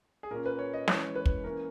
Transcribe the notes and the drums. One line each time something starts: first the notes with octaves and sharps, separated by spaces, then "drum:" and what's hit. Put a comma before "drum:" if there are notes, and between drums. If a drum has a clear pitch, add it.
G#4
A#2 A#3 C#4 A#4
B4
C#5
D#5
E3 G#3 C#4 C#5, drum: snare
B4
drum: kick
E3 A#3 C#4 A#4